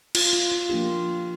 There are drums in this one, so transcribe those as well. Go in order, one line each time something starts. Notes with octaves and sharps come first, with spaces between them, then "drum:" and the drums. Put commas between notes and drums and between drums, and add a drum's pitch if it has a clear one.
F4, drum: cymbal
F4
F4
F3 A#3 D4 F4 G4